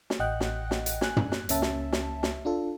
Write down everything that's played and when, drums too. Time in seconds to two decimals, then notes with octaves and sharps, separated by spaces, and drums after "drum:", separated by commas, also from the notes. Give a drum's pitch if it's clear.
0.10 drum: snare
0.19 A1 D#5 F#5 G5 F#6
0.40 drum: snare
0.71 drum: snare
0.86 drum: hi-hat
1.01 G#5 F#6, drum: snare
1.16 drum: tom
1.32 drum: snare
1.49 C#2 A#3 C#4 E5 A5, drum: hi-hat
1.62 drum: snare
1.93 drum: snare
2.23 drum: snare
2.45 D4 F4 A4